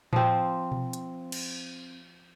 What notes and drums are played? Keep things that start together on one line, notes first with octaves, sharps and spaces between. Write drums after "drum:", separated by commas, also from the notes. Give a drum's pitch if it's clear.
F3 C4, drum: tom A2
drum: tom B2
drum: hi-hat
drum: cymbal